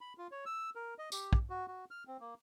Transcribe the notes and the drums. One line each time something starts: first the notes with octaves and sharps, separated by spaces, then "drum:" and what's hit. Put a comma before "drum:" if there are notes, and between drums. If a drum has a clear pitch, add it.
B5
F4
C#5
E6
A#4
D#5
G4, drum: tambourine
drum: kick
F#4
F#4
F6
C4
A#3